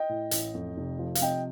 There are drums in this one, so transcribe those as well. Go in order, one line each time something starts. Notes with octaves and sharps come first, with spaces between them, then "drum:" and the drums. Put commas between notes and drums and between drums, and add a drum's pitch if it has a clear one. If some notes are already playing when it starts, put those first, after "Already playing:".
Already playing: D#5 G5
A2
A1, drum: hi-hat
F2
F1
F3
F5, drum: hi-hat
C3 D#5 G5